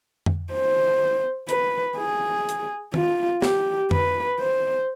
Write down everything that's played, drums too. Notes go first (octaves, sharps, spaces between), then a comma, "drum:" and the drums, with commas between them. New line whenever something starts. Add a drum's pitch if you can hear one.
drum: tom F2
C5
B4, drum: hi-hat
G#4
drum: hi-hat
F4, drum: tom
G4, drum: snare
B4, drum: tom F2
C5